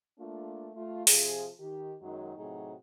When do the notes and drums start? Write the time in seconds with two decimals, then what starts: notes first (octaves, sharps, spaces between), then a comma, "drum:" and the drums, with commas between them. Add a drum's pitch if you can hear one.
0.18 A3 A#3 D4 F4
0.75 A3 F4
1.07 C3 F3 F4 G#4, drum: open hi-hat
1.60 D#3 G4
2.00 F#2 D#3 F#3 G#3 D#4 F#4
2.37 A2 C3 F#3 D#4 F#4 G#4